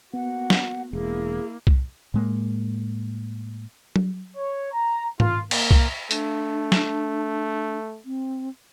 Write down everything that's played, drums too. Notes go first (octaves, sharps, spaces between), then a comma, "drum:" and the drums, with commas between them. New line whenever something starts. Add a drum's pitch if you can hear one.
A#3 B3 F#4 F#5
drum: snare
E1 A#3 E4 G#4
drum: kick C2
A2 G#3 A#3
drum: tom F#3
C#5
A#5
F4, drum: tom
A#3, drum: cymbal
drum: kick C2
A3 D4, drum: hi-hat
drum: snare
C4